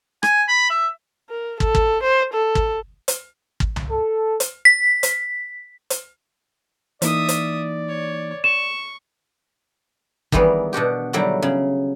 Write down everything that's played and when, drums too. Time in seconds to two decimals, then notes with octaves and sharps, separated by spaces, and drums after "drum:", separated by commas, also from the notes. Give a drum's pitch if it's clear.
0.23 G#5, drum: rim click
0.48 B5
0.70 E5
1.30 A#4
1.60 A4, drum: kick
1.75 drum: kick
2.03 C5
2.34 A4
2.55 drum: kick
3.08 drum: hi-hat
3.60 drum: kick
3.76 drum: tom C2
3.91 A4
4.40 drum: hi-hat
4.65 B6
5.03 drum: hi-hat
5.90 drum: hi-hat
7.02 E3 A#3 D#4 D5 E5 D#6, drum: hi-hat
7.29 drum: hi-hat
7.88 C#5
8.44 C#6 E7
10.32 D#3 E3 G3 G#3 B3 A#4, drum: kick
10.73 B2 D4 F#4 G4
11.13 D3 D#3 F#3 G3 E4
11.42 C#3